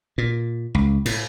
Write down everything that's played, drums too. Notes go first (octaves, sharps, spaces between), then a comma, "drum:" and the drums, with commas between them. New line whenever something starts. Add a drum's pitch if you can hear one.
A#2
C#2
A2, drum: cymbal